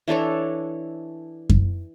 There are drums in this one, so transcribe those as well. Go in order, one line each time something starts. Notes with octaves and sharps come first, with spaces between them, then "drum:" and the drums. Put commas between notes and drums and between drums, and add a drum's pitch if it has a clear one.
E3 D4 A4 C#5
drum: kick F#2